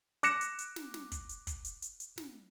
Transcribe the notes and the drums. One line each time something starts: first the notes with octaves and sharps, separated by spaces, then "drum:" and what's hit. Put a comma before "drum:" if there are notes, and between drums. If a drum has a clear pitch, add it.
D6 F#6 A#6 C#7 E7, drum: hi-hat
drum: hi-hat
drum: hi-hat
drum: snare
drum: snare
drum: kick, hi-hat
drum: hi-hat
drum: kick, hi-hat
drum: hi-hat
drum: hi-hat
drum: hi-hat
drum: snare